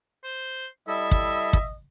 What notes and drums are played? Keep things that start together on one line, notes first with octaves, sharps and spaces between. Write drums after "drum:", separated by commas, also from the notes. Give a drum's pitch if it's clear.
C5
G3 E4 A4 D#5 E5
drum: kick
drum: kick